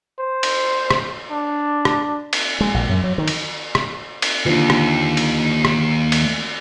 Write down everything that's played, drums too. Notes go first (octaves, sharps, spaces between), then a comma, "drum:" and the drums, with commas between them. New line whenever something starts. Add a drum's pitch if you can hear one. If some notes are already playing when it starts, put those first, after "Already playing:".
C5
drum: cymbal
drum: rim click
D4
drum: rim click
drum: cymbal
G#3
A#1
F#2
F#3
D#3
drum: cymbal
drum: rim click
drum: cymbal
D#2 D3 F3
drum: rim click
drum: cymbal
drum: rim click
drum: cymbal